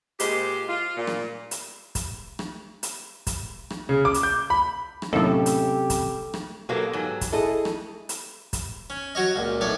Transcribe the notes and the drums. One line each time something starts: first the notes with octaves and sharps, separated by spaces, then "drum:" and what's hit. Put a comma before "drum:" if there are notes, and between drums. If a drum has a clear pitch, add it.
A#2 G#3 G4 C5, drum: hi-hat
F4
A#2
drum: rim click
drum: hi-hat
drum: kick, hi-hat
drum: rim click
drum: hi-hat
drum: kick, hi-hat
drum: rim click
C#3
D6
drum: hi-hat
G6
B5
drum: rim click
D#2 A2 C3 F#3 C#4 G4 A4
drum: hi-hat
drum: kick, hi-hat
drum: rim click
B2 F#3 A#3 B3 G4 A4
G#2 F#3
drum: kick, hi-hat
E4 G#4 A4 D#5
drum: rim click
drum: hi-hat
drum: kick, hi-hat
C#4
F#3 F#4 C#5 D#5
C#2 A#2
B1 A2 C#5 D5